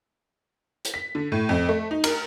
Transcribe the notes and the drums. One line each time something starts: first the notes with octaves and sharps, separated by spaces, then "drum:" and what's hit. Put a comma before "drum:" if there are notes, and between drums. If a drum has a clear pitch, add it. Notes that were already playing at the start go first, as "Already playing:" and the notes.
drum: hi-hat
B6
D3
A2
F2
A3
D#4
A#4, drum: cymbal